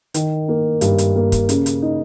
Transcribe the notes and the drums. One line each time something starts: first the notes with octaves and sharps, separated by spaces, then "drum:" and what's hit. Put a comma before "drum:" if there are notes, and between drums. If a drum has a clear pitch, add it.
D#3, drum: hi-hat
A#3
G2, drum: hi-hat
drum: hi-hat
A#3
drum: kick, hi-hat
C#3, drum: hi-hat
drum: hi-hat
D#4